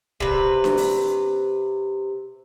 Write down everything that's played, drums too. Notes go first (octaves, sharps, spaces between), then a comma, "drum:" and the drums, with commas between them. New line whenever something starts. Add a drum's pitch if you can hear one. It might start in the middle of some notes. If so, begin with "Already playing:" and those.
C3 B4, drum: kick
drum: snare D4
drum: open hi-hat